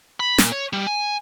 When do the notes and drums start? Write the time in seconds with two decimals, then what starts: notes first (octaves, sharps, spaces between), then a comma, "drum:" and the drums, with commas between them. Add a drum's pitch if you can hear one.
0.20 B5
0.38 A#2, drum: snare
0.52 C#5
0.73 G3
0.87 G#5